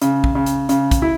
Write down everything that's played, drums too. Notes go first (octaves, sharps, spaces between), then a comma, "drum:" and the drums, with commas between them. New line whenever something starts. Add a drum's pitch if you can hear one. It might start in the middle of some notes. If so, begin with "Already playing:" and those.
C#3, drum: hi-hat
drum: kick
C#3
drum: hi-hat
C#3, drum: hi-hat
drum: kick, hi-hat
E4